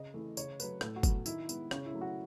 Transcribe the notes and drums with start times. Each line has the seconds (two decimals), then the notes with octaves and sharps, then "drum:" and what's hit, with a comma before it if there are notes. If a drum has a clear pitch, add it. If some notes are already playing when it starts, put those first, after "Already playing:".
Already playing: C#3 D#5
0.14 E3 A3
0.37 C#3 C#5, drum: tambourine
0.60 F#3 A3 B4, drum: tambourine
0.81 A2 A4, drum: rim click
0.96 F#4
1.03 F#3 B3, drum: kick F#1, tambourine
1.26 D#3 E4, drum: tambourine
1.49 G#3 B3, drum: tambourine
1.71 C#3 C#4, drum: rim click
1.86 E4
1.94 F#3 A3
2.01 F#4